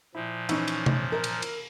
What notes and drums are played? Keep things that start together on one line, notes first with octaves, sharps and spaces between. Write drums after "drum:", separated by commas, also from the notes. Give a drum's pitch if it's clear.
A#2 F3 E4
E3 C#4 D#4 C#5, drum: cymbal
drum: cymbal
drum: tom C3
A#4
drum: cymbal
drum: cymbal